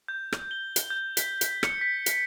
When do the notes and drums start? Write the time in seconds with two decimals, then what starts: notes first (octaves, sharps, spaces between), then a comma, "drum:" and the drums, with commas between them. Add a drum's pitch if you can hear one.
0.08 G6
0.32 drum: rim click
0.51 G7
0.76 drum: hi-hat
0.90 G6
1.17 B6, drum: hi-hat
1.41 drum: hi-hat
1.63 C#7, drum: rim click
1.81 B6
2.06 drum: hi-hat